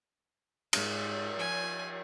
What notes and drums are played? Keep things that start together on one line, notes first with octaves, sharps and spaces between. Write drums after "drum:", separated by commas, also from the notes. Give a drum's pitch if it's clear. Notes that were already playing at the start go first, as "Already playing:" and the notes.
G#2, drum: cymbal
F3 G#5